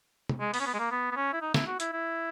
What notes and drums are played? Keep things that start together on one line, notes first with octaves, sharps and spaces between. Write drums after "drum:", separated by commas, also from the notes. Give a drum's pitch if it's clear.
drum: tom
G#3
B3, drum: open hi-hat
C#4
B3
G#3
A#3
B3
B3
C#4
E4
D#4
E4, drum: snare
F#4
E4, drum: hi-hat
E4